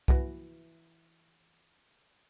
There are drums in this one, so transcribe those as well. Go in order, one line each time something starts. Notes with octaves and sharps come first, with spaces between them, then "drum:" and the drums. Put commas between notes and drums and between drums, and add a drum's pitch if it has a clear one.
E3 F#4 B4, drum: kick C2